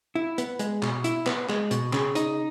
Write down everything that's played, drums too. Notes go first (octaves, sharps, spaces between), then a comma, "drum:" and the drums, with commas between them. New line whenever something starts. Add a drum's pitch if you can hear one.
E4
B3, drum: hi-hat
G#3, drum: hi-hat
B2, drum: clap
E4, drum: hi-hat
B3, drum: clap
G#3, drum: clap
B2, drum: hi-hat
C#3, drum: clap
D#4, drum: hi-hat